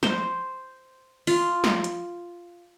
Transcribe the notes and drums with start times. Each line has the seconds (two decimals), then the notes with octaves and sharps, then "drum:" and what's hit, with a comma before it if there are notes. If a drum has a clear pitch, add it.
0.03 C5, drum: snare
1.27 F4, drum: open hi-hat
1.64 drum: snare
1.84 drum: hi-hat